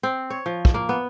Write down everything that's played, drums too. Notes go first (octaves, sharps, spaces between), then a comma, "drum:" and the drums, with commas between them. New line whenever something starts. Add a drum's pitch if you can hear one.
C4
C#5
F3
drum: kick
A#3
B3